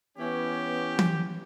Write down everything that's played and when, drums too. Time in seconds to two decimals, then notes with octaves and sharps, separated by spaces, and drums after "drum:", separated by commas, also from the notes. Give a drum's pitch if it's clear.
0.18 E3 B3 C#4 G4
0.99 drum: tom E3